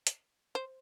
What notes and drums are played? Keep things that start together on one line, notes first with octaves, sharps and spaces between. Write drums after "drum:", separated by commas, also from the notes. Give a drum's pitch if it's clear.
drum: hi-hat
C5